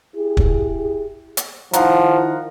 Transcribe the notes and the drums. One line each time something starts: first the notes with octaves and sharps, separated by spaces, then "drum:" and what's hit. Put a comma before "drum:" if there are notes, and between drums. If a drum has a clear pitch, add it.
E4 G4 G#4
drum: kick
drum: hi-hat
D#3 F3 E4 F5 F#5 A#5, drum: hi-hat